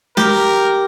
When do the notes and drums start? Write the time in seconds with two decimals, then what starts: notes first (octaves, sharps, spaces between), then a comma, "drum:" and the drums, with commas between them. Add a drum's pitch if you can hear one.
0.17 G4 A#4, drum: snare